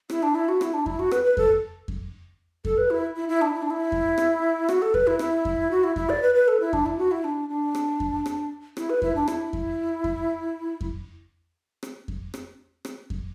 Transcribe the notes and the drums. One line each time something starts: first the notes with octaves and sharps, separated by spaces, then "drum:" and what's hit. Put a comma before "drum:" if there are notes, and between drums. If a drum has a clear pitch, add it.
E4, drum: rim click
D4
E4
F#4
E4, drum: rim click
D4
E4, drum: kick F2
F#4
B4, drum: rim click
B4
A4, drum: kick F2
drum: kick F2
A4, drum: kick F2
B4
E4
E4
E4
D4
E4
D4
E4
drum: kick F2
drum: rim click
F#4, drum: rim click
A4
B4, drum: kick F2
E4
E4, drum: rim click
drum: kick F2
F#4
E4
E4, drum: kick F2
D5
B4
B4
A4
E4
D4, drum: kick F2
E4
F#4
E4
D4
D4
drum: rim click
drum: kick F2
drum: rim click
E4, drum: rim click
B4
E4, drum: kick F2
D4
E4, drum: rim click
drum: kick F2
drum: kick F2
drum: kick F2
drum: rim click
drum: kick F2
drum: rim click
drum: rim click
drum: kick F2